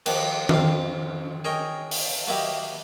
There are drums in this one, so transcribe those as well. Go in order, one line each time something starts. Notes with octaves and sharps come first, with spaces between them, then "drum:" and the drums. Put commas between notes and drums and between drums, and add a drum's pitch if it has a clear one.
D#3 F3 A#3 F#5 A#5, drum: cymbal
F2 C4 F5, drum: tom D#3
G#4 A#4 C#5 D#5 G5
drum: open hi-hat
F#3 A#3 E4 G4 D#5